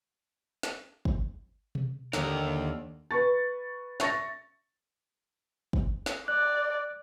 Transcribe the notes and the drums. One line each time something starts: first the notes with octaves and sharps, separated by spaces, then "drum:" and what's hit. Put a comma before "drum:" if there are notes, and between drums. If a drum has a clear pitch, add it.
drum: snare
drum: kick
drum: tom B2
D#2 D3 A#4, drum: snare
B4 C#6 A6
E5 C#6 A6 A#6, drum: snare
drum: kick
drum: snare
D5 F#6